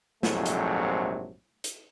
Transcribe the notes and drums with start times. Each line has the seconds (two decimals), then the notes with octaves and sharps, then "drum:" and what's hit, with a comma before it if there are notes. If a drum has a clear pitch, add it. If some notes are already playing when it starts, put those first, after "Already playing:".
0.23 A#1 F2 G#2 C3 F#3 A3, drum: snare
0.46 drum: hi-hat
1.64 drum: hi-hat